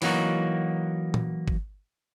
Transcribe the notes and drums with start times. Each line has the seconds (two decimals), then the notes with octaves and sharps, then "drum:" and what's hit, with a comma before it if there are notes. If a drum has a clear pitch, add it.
0.02 E3 F#3 A#3 D#4 F#4, drum: open hi-hat
1.14 drum: tom A#2
1.48 drum: kick G#1